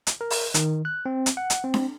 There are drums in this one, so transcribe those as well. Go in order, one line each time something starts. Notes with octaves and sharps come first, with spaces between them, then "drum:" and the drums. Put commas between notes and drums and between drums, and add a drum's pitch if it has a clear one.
drum: hi-hat
A#4
drum: open hi-hat
D#3, drum: hi-hat
F#6
C4
drum: hi-hat
F#5
drum: hi-hat
C4
drum: snare D4